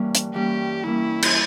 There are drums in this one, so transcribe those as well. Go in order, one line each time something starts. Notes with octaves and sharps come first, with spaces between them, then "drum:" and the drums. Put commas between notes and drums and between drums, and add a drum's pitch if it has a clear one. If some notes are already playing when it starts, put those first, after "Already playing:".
Already playing: G2 E3 G3 A#3 C#4
drum: hi-hat
G2 E3 G3 A#3 C#4 G4
G2 E3 G3 A#3 C#4 E4
drum: cymbal